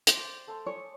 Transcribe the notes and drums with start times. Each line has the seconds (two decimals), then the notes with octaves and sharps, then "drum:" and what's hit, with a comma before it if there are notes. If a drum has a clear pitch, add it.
0.07 C5 D5 G5, drum: hi-hat
0.47 A3 A4 C6
0.66 C#5 G#5 D6 D#6